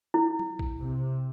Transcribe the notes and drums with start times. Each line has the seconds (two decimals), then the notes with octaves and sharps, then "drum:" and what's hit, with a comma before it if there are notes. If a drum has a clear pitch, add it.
0.14 E4
0.39 drum: tom F#3
0.59 drum: kick A#1
0.79 C3